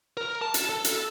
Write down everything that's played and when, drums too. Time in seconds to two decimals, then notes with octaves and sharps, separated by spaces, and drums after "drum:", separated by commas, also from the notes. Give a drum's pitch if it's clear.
0.17 A#4
0.41 A5
0.54 drum: hi-hat
0.69 A4
0.85 drum: hi-hat